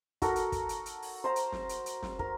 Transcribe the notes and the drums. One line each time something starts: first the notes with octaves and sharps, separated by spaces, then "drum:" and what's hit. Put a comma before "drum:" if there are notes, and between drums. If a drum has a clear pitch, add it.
F#4 A4 A#4, drum: kick, hi-hat
drum: hi-hat
drum: kick, hi-hat
drum: hi-hat
drum: hi-hat
drum: open hi-hat
C5 A#5
drum: hi-hat
drum: snare
drum: hi-hat
drum: hi-hat
drum: snare
A#4, drum: kick